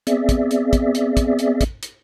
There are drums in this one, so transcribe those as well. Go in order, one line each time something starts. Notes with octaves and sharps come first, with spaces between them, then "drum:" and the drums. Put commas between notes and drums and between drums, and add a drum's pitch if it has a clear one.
B3 C4 G#4 D5 E5, drum: hi-hat
drum: kick, hi-hat
drum: hi-hat
drum: kick, hi-hat
drum: hi-hat
drum: kick, hi-hat
drum: hi-hat
drum: kick, hi-hat
drum: hi-hat